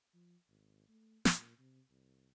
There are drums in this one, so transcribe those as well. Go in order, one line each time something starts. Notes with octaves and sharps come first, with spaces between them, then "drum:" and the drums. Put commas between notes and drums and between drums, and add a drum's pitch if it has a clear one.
F3
G#1
A3
A#2, drum: snare
C3
C2